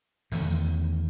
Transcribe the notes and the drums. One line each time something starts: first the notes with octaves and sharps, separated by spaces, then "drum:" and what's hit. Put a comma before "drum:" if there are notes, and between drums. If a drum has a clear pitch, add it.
E2 D#3 A3, drum: open hi-hat